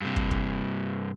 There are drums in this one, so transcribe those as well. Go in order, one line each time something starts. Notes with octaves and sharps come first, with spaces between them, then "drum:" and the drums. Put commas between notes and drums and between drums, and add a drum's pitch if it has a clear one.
G2 C3
drum: kick
drum: kick